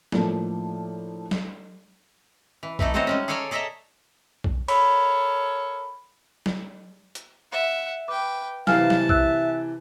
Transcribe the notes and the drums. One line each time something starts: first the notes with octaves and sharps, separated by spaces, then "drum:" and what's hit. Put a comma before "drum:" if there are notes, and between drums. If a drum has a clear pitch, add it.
A2 F3 A#3 D4, drum: snare
drum: snare
E3
E3 A3 D#4 A4, drum: kick
A3 C4 F#4 C5 C#5 D#5
G3 G#3 C#4
G#4 A4 C#5 D5 G#5 A#5
G#4 A4 D#5 E5 A5 A#5
drum: kick
A4 A#4 C#5 B5, drum: cymbal
drum: snare
drum: hi-hat
E5 F#5
B4 G5 D6
C3 E3 B4 F5 G#5 A5 F6, drum: snare
drum: snare
E5 E6 F#6, drum: kick